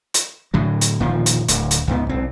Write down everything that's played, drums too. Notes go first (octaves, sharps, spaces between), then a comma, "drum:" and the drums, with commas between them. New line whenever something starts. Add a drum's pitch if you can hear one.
drum: hi-hat
A2 D3 F#3
drum: hi-hat
E1 A#2 D#3 F3
drum: hi-hat
D1 D2, drum: hi-hat
drum: hi-hat
C#2 G#2 B3
B1 C4